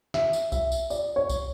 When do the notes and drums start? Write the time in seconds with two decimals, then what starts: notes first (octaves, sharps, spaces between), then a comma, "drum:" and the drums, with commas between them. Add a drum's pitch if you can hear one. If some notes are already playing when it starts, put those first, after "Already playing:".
0.14 E5, drum: snare
0.33 drum: tambourine
0.52 E5, drum: kick B1, tambourine
0.72 drum: tambourine
0.90 D5, drum: tambourine
1.16 C#5
1.29 drum: kick B1, tambourine